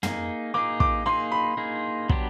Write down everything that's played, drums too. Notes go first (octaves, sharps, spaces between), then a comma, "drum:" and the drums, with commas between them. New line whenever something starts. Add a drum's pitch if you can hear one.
A#3 D#4 G#4, drum: tom
A#3 D#4 G#4 D6
D6, drum: kick
A#3 D#4 G#4 C6
B5
A#3 D#4 G#4
F#3 B3 D4 G4, drum: kick